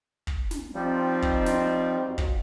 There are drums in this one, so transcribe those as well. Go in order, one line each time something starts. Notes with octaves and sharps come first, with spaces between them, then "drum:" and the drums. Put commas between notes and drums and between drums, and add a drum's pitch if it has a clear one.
drum: kick
drum: snare
F3 G3 C4 D#4
drum: kick
drum: snare
F2 F#3
drum: kick